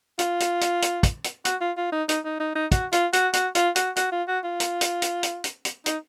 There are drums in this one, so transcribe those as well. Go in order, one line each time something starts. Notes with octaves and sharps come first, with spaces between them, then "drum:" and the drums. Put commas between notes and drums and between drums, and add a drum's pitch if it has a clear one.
F4, drum: hi-hat
drum: hi-hat
drum: hi-hat
drum: hi-hat
drum: kick, hi-hat
drum: hi-hat
F#4, drum: hi-hat
F4
F4
D#4
D#4, drum: hi-hat
D#4
D#4
D#4
F#4, drum: kick, hi-hat
F4, drum: hi-hat
F#4, drum: hi-hat
F#4, drum: hi-hat
F4, drum: hi-hat
F#4, drum: hi-hat
F#4, drum: hi-hat
F4
F#4
F4
drum: hi-hat
drum: hi-hat
drum: hi-hat
drum: hi-hat
drum: hi-hat
drum: hi-hat
D#4, drum: hi-hat